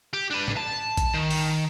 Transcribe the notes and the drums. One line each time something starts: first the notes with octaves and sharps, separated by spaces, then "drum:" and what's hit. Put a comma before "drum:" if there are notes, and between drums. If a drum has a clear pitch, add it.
G4
D4 B4
drum: tom G#2
A5
drum: kick A#1, hi-hat
D#3
drum: open hi-hat